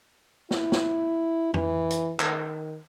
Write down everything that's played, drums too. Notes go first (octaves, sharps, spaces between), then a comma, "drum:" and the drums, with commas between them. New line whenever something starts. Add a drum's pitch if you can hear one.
E4, drum: snare
drum: snare
E3, drum: tom F2
drum: hi-hat
D#3, drum: clap